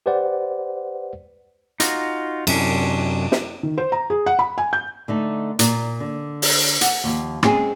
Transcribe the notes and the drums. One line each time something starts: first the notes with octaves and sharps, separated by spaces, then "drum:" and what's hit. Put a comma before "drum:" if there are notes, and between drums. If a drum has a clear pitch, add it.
G4 B4 C5 D5 F#5
D#4 F4 F#4, drum: hi-hat
F#2 C3 C#4 D4, drum: cymbal
drum: snare
D#3
C5
A#5
G#4
F#5
B5
G#5
G6
D3 A3 D#4
A#2, drum: hi-hat
D3
drum: open hi-hat
F#5, drum: hi-hat
D#2 F3
G#3 C4 C#4 G#4, drum: rim click